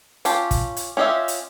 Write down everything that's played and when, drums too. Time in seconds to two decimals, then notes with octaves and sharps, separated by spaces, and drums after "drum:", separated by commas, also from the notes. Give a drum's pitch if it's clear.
0.25 C#4 F4 G4 A5, drum: hi-hat
0.51 drum: kick, hi-hat
0.77 drum: hi-hat
0.97 C#4 F4 G4 D#5 E5
1.28 drum: hi-hat